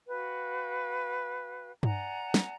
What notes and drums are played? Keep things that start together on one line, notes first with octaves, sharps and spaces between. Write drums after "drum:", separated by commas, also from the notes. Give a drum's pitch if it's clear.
F#4 B4 F5 G5
D5 F#5 G#5 A#5, drum: tom G2
drum: snare